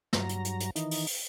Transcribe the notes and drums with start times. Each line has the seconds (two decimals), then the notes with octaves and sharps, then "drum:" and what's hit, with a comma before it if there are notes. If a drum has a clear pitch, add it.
0.13 G2 F#3 A#5, drum: snare
0.29 drum: hi-hat
0.45 drum: hi-hat
0.60 drum: hi-hat
0.76 D#3 E3 D#4, drum: hi-hat
0.91 drum: open hi-hat
1.07 drum: open hi-hat